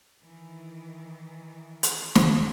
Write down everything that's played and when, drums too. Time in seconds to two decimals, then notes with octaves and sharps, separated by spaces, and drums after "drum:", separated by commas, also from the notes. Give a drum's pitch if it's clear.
0.20 D#3 E3
1.83 drum: hi-hat
2.15 drum: snare